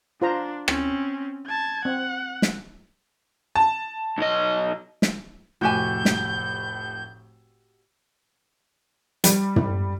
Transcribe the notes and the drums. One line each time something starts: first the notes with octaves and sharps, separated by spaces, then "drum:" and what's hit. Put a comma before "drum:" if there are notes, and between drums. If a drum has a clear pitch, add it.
D4 F4 C5 A#5
C4 C#4, drum: rim click
A5 G#6
C4 F#5
drum: snare
A5
B1 D#5
drum: snare
F1 A2 F#4 G4 G#5 G6 E7
drum: snare
G3, drum: hi-hat
drum: tom